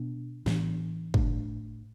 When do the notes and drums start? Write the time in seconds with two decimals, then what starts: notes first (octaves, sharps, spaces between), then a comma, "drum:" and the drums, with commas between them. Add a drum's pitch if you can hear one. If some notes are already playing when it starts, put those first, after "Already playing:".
Already playing: B2 B3 D4
0.46 A2 E3 B3 D4, drum: snare
1.14 A2 A3 D4, drum: kick